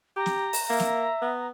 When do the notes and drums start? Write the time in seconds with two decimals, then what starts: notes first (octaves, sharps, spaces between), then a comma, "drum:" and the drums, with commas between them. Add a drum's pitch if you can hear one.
0.17 G4 A#5
0.26 drum: snare
0.53 drum: open hi-hat
0.70 A#3 E5
0.80 drum: snare
1.22 B3